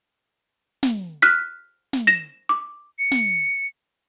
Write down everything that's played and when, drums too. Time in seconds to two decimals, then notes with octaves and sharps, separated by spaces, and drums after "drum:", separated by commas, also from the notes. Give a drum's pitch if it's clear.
0.83 drum: snare
1.22 F6 F#6 B6
1.93 drum: snare
2.07 A#6 E7
2.49 D6
2.99 C#7
3.11 drum: snare